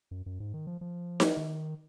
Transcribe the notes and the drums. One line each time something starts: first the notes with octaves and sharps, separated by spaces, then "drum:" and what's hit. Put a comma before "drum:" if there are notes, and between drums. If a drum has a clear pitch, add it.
F#2
F#2
G#2
D#3
F3
F3
drum: snare D#4
D#3